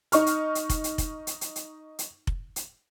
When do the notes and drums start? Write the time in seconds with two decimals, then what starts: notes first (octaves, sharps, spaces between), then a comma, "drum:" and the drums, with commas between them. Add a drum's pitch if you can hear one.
0.12 D#4 C#6 F6, drum: hi-hat
0.26 drum: hi-hat
0.55 drum: hi-hat
0.70 drum: kick F1, hi-hat
0.84 drum: hi-hat
0.98 drum: kick F1, hi-hat
1.27 drum: hi-hat
1.41 drum: hi-hat
1.56 drum: hi-hat
1.99 drum: hi-hat
2.27 drum: kick F1
2.56 drum: hi-hat